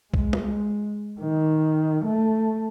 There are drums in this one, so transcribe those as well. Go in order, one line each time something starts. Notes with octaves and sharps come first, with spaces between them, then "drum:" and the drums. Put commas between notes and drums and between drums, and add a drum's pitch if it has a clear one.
G#3, drum: kick
drum: tom G#3
D#3
A3